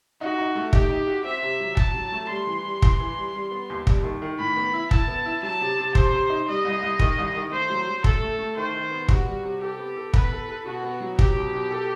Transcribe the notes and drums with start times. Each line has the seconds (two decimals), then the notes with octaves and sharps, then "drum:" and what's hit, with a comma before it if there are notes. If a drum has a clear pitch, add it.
0.21 D#4 F#4
0.39 D#4
0.55 A3
0.73 D#4 G4, drum: kick
0.90 D#4
1.07 F#4
1.25 C4 E5
1.42 C3
1.60 F#3
1.77 F#3 A5, drum: kick
1.94 F#3
2.12 A3
2.29 G3 C6
2.46 E3
2.65 G3
2.82 E3, drum: kick
3.00 E3
3.17 G3
3.35 G3
3.51 B3
3.70 D#2
3.87 G3, drum: kick
4.04 D#3
4.22 D#3
4.39 A2 B5
4.57 B3
4.74 E4
4.91 E4 A5, drum: kick
5.08 B3
5.26 E4
5.43 F#3 A5
5.60 C3
5.79 C3
5.95 C3 C5, drum: kick
6.12 C3
6.30 D#4
6.48 G3 D#5
6.65 C2
6.82 C2
6.99 D#3, drum: kick
7.18 C2
7.35 D#3
7.52 A3 C5
7.70 F#3
7.88 F#3
8.04 A3 A4, drum: kick
8.21 A3
8.39 A3
8.57 D#3 C5
8.74 D#3
8.91 B3
9.08 G3 F#4, drum: kick
9.26 G3
9.43 C3
9.61 G4 A4
9.79 B3
9.96 A4
10.14 B3 B4, drum: kick
10.31 A4
10.49 A4
10.66 B2 F#4
10.83 B3
11.00 F#3
11.19 F#3 G4, drum: kick
11.36 B2
11.54 B2
11.71 A4